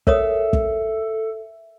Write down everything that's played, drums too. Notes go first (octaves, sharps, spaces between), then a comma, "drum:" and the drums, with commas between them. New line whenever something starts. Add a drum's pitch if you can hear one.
A4 A#4 C#5 E5 D#6, drum: kick
drum: kick